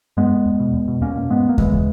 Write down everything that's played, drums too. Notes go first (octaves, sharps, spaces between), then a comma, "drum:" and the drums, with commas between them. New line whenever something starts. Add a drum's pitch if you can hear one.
G2 G#3 B3
E2
B2
E2
B2
E2 A#3 C#4
B2
G#2 G#3 B3
A#3
E2 E3 G#3, drum: kick D#2
C#3